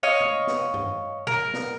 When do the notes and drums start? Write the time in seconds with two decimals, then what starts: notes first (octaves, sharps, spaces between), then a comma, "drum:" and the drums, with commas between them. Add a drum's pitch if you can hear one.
0.03 C#5 D#5 F5
0.21 drum: tom
0.47 drum: snare
0.74 drum: tom G2
1.27 A#4, drum: tom A#2
1.54 drum: snare